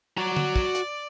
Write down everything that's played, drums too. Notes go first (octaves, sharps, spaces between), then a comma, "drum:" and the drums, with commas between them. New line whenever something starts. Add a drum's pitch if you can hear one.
F#4 D5 A#5
drum: tom D3
drum: kick
drum: hi-hat